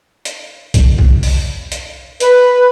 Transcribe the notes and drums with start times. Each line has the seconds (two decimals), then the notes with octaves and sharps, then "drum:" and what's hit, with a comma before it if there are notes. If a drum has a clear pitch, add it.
0.25 drum: hi-hat
0.74 drum: kick B1, hi-hat
0.99 drum: kick B1
1.23 drum: open hi-hat
1.72 drum: hi-hat
2.20 B4, drum: hi-hat